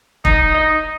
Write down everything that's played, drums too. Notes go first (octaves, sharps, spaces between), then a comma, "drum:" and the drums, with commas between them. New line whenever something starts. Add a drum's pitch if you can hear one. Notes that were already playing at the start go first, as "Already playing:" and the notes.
D#4, drum: kick E1
D#4